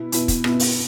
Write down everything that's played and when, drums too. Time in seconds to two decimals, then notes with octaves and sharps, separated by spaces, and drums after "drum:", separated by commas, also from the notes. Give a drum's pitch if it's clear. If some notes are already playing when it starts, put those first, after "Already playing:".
Already playing: B2 B3 E4
0.12 B2 B3 E4, drum: hi-hat
0.28 drum: kick, hi-hat
0.44 B2 B3 E4, drum: rim click
0.60 drum: open hi-hat